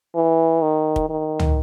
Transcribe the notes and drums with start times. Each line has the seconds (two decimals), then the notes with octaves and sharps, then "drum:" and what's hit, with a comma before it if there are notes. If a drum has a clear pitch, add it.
0.15 E3
0.62 D#3
0.96 drum: kick
1.10 D#3
1.39 drum: tom